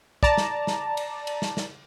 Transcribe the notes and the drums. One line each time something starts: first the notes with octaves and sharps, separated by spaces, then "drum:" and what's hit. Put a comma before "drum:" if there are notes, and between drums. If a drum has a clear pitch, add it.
D5 A5 A#5, drum: kick
drum: snare
drum: snare
drum: cymbal
drum: cymbal
drum: snare
drum: snare